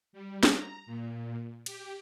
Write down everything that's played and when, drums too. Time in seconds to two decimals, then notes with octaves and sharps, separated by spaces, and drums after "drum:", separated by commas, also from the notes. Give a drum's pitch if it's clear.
0.13 G3
0.43 A#5, drum: snare
0.86 A#2
1.66 G4, drum: cymbal